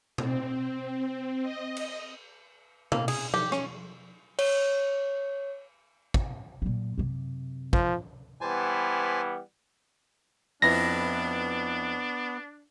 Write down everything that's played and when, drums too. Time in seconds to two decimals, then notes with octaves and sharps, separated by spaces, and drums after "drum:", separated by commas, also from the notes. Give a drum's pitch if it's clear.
0.18 C4, drum: tom B2
1.42 D#5
1.77 drum: cymbal
2.92 A#3, drum: tom B2
3.08 G#4, drum: cymbal
3.34 G4, drum: tom F3
3.52 C#4, drum: rim click
4.39 C#5, drum: cymbal
6.14 drum: kick
6.62 A#2 F#3
6.98 F#2 C3
7.73 F3, drum: kick
8.41 E3 G3 B3 C5 G#5 A5
10.62 F2 B3 D4 E4 B4 A#6, drum: open hi-hat